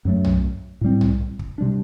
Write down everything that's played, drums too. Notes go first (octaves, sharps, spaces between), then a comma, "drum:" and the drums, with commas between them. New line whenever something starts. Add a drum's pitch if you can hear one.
F#2 F#3 A3
drum: tom B1
A2 G3 C4
drum: tom B1
drum: kick
C3 G3 D4